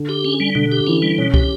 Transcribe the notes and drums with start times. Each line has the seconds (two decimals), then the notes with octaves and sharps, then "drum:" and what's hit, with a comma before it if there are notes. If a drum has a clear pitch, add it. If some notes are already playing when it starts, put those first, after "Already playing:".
Already playing: D3
0.09 G4
0.25 C#4
0.40 G3
0.55 B2 D3
0.72 G4
0.87 E3 C#4
1.02 G3
1.18 B2 C#4
1.34 G4, drum: kick